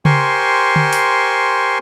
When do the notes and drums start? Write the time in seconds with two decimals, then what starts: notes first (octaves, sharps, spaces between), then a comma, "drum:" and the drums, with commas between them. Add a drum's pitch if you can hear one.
0.05 G4 A#4 C5 G#5 C6 C#6, drum: tom C#3
0.76 drum: tom D3
0.93 drum: open hi-hat